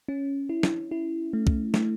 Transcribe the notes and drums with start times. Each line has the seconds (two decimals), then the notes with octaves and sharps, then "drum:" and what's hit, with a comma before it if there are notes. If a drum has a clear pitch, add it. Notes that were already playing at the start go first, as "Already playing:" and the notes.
0.08 C#4
0.49 E4
0.63 drum: snare
0.91 E4
1.33 A3
1.47 drum: kick
1.74 A3, drum: snare